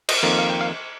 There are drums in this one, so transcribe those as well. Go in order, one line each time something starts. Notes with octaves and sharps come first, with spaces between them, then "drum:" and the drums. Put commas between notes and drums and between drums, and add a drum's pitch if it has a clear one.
D#5, drum: cymbal
F2 D#3 A#3
F5
G5
F5